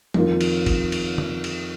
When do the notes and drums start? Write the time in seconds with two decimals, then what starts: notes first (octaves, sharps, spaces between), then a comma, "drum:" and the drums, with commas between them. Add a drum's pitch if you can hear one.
0.14 F2 D#3 A#3 F4, drum: tom E3
0.41 drum: cymbal
0.66 drum: kick G1, cymbal
0.92 drum: cymbal
1.18 drum: tom D3
1.44 drum: cymbal